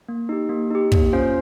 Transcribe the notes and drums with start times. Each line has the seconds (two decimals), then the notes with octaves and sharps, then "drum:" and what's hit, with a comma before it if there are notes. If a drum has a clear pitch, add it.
0.09 A#3
0.29 D#4 G4
0.49 A#3
0.71 D#4 G4
0.92 A#3, drum: kick
1.13 C#4 F4 C5 F5